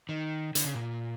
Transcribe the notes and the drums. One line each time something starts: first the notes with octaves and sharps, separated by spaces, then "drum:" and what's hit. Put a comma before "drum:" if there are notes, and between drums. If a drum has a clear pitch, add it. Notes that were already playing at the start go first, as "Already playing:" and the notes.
D#3
D3, drum: hi-hat
C#3
A#2